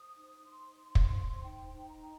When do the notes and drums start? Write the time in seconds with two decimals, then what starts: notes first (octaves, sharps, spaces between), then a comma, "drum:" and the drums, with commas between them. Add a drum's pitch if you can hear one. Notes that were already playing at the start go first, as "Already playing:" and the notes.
Already playing: C5 D#6
0.17 D#4
0.48 D#4 C6
0.80 C5
0.95 drum: kick
1.11 C5
1.42 D#4 G5
1.73 D#4
1.89 A#5